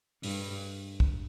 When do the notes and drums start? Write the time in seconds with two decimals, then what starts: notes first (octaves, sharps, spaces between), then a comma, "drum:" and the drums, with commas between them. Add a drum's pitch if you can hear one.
0.23 G2, drum: open hi-hat
1.00 drum: kick